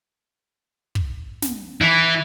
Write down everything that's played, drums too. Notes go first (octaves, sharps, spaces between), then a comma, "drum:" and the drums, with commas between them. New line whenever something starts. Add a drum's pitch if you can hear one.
drum: kick
drum: snare
E3